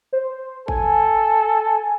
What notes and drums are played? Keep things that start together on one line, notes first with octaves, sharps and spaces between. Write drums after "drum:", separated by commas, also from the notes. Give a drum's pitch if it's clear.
C5
A4 G#5, drum: kick G#1